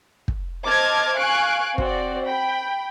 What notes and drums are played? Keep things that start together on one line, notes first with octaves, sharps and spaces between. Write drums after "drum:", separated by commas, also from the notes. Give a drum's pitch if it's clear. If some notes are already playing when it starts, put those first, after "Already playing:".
drum: kick
C5 D#5 A5 D6 F6 G#6
F5 G#5 C#6 F#6 D7
C4 F#4 D5, drum: kick
G5 B5